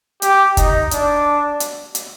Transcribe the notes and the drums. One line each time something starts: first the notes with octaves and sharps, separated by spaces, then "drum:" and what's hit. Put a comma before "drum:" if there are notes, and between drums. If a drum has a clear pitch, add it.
G4, drum: hi-hat
D#4, drum: kick, hi-hat
D4, drum: hi-hat
drum: hi-hat
drum: hi-hat